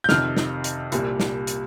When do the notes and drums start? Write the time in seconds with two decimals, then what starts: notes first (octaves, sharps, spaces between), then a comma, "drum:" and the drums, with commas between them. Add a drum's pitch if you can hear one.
0.04 G6
0.09 F2 C3 D#3 F6, drum: snare
0.37 drum: snare
0.64 drum: hi-hat
0.92 C2 A#2 G3, drum: hi-hat
1.20 drum: snare
1.47 drum: hi-hat